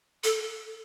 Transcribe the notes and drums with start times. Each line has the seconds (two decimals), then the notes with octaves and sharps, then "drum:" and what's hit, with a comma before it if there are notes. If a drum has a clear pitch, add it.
0.23 A4, drum: hi-hat